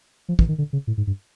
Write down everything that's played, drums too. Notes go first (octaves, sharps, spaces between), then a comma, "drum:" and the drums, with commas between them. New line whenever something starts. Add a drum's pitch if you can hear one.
F3
E3, drum: kick
D#3
D3
C#3
A2
G#2
G2